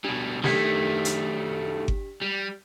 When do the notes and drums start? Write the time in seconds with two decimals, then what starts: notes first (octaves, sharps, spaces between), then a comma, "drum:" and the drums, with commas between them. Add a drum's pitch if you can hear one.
0.05 B2 G3 D4
0.44 D#3 A3 D4 G4 B6, drum: snare
1.05 drum: hi-hat
1.88 drum: kick G1
2.22 G3